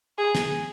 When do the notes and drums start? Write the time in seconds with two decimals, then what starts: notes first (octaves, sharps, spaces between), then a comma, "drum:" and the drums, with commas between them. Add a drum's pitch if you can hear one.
0.18 G#4
0.35 drum: snare